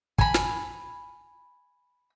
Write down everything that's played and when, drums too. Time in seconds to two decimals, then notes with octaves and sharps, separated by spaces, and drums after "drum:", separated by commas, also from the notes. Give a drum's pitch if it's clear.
0.19 G#5 B5, drum: kick
0.34 drum: snare